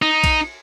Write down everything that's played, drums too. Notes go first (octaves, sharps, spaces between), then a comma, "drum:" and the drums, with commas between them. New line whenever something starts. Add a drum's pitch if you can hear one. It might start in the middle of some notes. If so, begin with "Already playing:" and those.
D#4
drum: kick A#1, cymbal